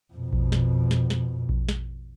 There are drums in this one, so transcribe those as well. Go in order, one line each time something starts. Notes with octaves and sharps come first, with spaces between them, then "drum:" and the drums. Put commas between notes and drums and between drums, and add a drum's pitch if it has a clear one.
F2 B2
drum: kick A#1
drum: snare
drum: snare
drum: snare
drum: kick A#1
drum: snare